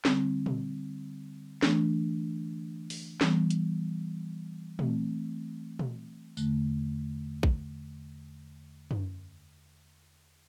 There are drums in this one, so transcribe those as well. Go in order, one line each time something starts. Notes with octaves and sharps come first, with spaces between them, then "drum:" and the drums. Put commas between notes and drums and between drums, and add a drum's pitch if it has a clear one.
D3 G3 C4, drum: snare
drum: tom A#2
E3 A3 D4, drum: snare
drum: open hi-hat
E3 G3 B3, drum: snare
drum: hi-hat
E3 A3 C4, drum: tom A#2
drum: tom A#2
E2 D3 A3, drum: tambourine
drum: kick
drum: tom F#2